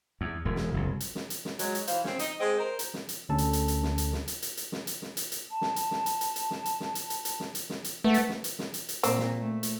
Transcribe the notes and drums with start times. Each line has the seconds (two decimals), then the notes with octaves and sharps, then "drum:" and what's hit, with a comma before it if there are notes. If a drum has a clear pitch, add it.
0.21 E2
0.45 E1 E2
0.56 drum: snare
0.74 F#1 C2
1.00 drum: hi-hat
1.15 drum: snare
1.30 drum: hi-hat
1.45 drum: snare
1.59 F#3 G#3, drum: hi-hat
1.75 drum: hi-hat
1.87 E3 C5 F5, drum: hi-hat
2.05 C4 C#4, drum: snare
2.19 D#4, drum: hi-hat
2.39 G#3 C4 D#5
2.57 A#4 C5
2.79 drum: hi-hat
2.94 drum: snare
3.09 drum: hi-hat
3.29 D2 D3 C#4 A4 A5
3.38 drum: hi-hat
3.53 drum: hi-hat
3.68 drum: hi-hat
3.83 drum: snare
3.98 drum: hi-hat
4.13 drum: snare
4.28 drum: hi-hat
4.42 drum: hi-hat
4.57 drum: hi-hat
4.72 drum: snare
4.87 drum: hi-hat
5.02 drum: snare
5.17 drum: hi-hat
5.32 drum: hi-hat
5.51 A5
5.61 drum: snare
5.76 drum: hi-hat
5.91 drum: snare
6.06 drum: hi-hat
6.21 drum: hi-hat
6.36 drum: hi-hat
6.51 drum: snare
6.65 drum: hi-hat
6.80 drum: snare
6.95 drum: hi-hat
7.10 drum: hi-hat
7.25 drum: hi-hat
7.40 drum: snare
7.55 drum: hi-hat
7.70 drum: snare
7.84 drum: hi-hat
8.04 A3 B4 F#5
8.14 drum: hi-hat
8.29 drum: snare
8.44 drum: hi-hat
8.59 drum: snare
8.74 drum: hi-hat
8.89 drum: hi-hat
9.03 A#2 C4, drum: hi-hat
9.18 drum: snare
9.40 A3
9.63 drum: hi-hat